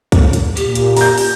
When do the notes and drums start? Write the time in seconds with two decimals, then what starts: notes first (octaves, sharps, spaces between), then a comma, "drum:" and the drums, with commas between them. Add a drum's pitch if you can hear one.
0.12 drum: kick, hi-hat
0.33 drum: hi-hat
0.57 A#2 G4, drum: hi-hat
0.75 drum: hi-hat
0.96 A#5 G6, drum: open hi-hat
1.18 drum: open hi-hat